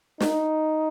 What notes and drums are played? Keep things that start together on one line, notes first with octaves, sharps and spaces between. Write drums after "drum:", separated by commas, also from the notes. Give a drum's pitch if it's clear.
D#4, drum: snare